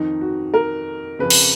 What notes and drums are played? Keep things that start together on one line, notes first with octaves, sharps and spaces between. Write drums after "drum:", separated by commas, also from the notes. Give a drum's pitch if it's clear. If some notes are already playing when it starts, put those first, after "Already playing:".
Already playing: F2 D#3 D#4
F#4
A#4
F2 C#3 B4
drum: cymbal